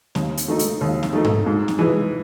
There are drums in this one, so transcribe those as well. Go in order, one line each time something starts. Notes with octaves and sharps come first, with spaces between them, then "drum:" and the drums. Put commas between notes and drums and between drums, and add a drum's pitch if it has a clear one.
D#2, drum: snare C4
drum: hi-hat
D#3 A3 D#4
drum: hi-hat
D#2
drum: snare C4
D#3 A3 D#4
drum: tom G#2
G#2
drum: snare C4
E3 G#3